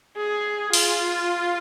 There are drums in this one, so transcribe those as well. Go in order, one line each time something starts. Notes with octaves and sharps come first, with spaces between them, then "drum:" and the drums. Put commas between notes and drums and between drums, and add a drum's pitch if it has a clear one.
G#4
F4, drum: open hi-hat